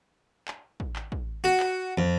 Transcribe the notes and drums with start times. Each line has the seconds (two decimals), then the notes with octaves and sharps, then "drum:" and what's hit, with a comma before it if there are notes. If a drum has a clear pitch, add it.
0.48 drum: clap
0.80 drum: kick
0.96 drum: clap
1.12 drum: kick
1.44 F#4
1.60 drum: clap
1.98 F2